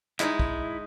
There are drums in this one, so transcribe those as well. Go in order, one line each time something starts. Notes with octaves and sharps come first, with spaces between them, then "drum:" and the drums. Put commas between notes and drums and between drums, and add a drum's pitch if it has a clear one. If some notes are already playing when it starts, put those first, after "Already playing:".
G#3 D#4 E4, drum: clap
drum: kick